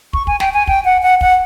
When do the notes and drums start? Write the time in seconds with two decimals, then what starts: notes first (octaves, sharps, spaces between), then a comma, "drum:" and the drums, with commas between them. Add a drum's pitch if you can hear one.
0.13 C#6, drum: kick
0.27 G#5, drum: kick
0.40 G5, drum: snare
0.54 G#5
0.67 G5, drum: kick
0.85 F#5
1.02 F#5
1.21 F#5, drum: kick